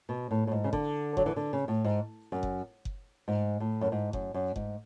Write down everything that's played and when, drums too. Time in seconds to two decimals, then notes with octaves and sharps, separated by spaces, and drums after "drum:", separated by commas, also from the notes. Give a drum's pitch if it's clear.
0.09 B2
0.31 A2
0.47 A2
0.52 G#2
0.64 C#3
0.73 D3, drum: kick F#1
1.17 F#3, drum: kick F#1
1.26 E3
1.36 D3
1.53 C#3
1.68 A2
1.84 G#2
2.32 F#2
2.43 drum: kick F#1
2.85 drum: kick F#1
3.28 G#2
3.60 A2
3.81 F#2
3.92 G#2
4.13 F#2, drum: kick F#1
4.34 F#2
4.56 G#2, drum: kick F#1